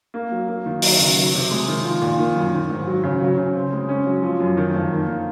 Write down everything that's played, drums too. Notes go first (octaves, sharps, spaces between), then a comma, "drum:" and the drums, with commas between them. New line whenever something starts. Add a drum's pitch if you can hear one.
A#3
F#3
A#3
D#3
F#3, drum: open hi-hat
C#3
F#3
C3
G#3
D#3
F3
A#2
D#3
F#2
D#3
G#2
F#3
C#3
F#3
C#3
C4
G#3
C#4
F#3
F3
F#2
D#3
F2
A#3
D#3